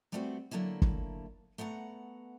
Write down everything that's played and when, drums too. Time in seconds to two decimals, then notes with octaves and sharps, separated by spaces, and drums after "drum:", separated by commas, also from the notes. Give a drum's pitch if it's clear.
0.12 G3 A3 B3 C4 F4 F#4
0.51 D3 F#3 A3 A#3 E4
0.82 drum: kick G1
1.58 A3 B3 F#5 G5 A#5